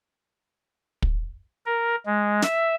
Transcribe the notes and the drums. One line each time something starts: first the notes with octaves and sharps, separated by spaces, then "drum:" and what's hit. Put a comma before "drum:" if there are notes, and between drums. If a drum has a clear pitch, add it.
drum: kick
A#4
G#3
E5, drum: snare